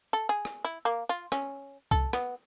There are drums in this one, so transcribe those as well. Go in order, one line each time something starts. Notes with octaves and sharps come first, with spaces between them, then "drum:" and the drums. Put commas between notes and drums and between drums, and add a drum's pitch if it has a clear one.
A4
G#4
drum: rim click
E4
A#3
F4
C#4, drum: rim click
A4, drum: kick C2
B3, drum: rim click